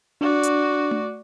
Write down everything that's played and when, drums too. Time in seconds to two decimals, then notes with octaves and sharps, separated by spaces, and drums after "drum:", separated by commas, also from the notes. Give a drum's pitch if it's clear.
0.21 D4 F#4 D5
0.43 drum: hi-hat
0.91 drum: tom A3